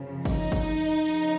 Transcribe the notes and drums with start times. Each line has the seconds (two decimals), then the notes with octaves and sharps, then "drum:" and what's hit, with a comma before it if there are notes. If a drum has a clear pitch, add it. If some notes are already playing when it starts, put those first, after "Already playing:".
Already playing: F#2 C#3 F3
0.25 D#4, drum: kick G1, cymbal
0.52 drum: kick G1, cymbal
0.78 drum: cymbal
1.04 C#3 F3, drum: cymbal